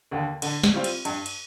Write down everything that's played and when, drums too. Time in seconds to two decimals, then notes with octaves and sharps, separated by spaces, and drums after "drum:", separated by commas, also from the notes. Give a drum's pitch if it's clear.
0.11 D#2 D3
0.42 D3, drum: cymbal
0.64 drum: snare
0.74 G3 C4 F4
0.84 drum: cymbal
1.05 G2, drum: cymbal
1.26 drum: cymbal